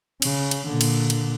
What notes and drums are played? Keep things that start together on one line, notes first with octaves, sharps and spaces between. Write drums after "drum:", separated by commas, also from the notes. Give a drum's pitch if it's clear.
C#3, drum: cymbal
drum: cymbal
A#2 D3
drum: cymbal
drum: cymbal